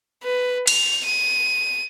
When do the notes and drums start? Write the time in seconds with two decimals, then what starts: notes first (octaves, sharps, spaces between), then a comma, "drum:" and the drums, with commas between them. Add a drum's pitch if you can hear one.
0.23 B4
0.67 F7, drum: cymbal
1.05 D#7